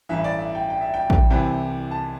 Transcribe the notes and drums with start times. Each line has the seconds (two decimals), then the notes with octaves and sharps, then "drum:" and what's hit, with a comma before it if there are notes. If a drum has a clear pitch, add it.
0.09 A1 G2 E3 E5
0.24 D5
0.39 E5
0.55 G5
0.70 G5
0.81 E5
0.94 G5
1.10 drum: kick
1.30 C2 C3 E3 G5
1.91 A5